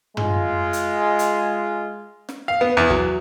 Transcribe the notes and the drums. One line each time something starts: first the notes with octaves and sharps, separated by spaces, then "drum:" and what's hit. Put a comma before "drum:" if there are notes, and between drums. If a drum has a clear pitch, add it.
G#3 F4, drum: tom
drum: hi-hat
drum: hi-hat
drum: snare
F5
B3
E2
F#3, drum: kick